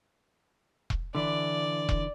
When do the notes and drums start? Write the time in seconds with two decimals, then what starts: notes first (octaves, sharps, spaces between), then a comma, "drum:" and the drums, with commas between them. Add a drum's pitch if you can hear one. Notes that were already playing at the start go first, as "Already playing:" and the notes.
0.90 drum: kick E1
1.15 D3 E3 D5
1.89 drum: kick E1